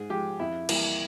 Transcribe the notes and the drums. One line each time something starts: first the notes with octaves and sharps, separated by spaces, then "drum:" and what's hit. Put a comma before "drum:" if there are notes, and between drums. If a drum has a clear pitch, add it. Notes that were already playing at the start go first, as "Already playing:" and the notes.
Already playing: G#2 G#4
F3 G#3 G4
F2 E4
E3 G3 A#3 E4, drum: cymbal